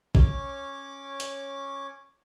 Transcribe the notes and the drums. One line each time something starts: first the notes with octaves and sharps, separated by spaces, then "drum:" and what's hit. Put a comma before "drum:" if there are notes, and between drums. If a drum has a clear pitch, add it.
C#4 C#5 D6, drum: kick
drum: hi-hat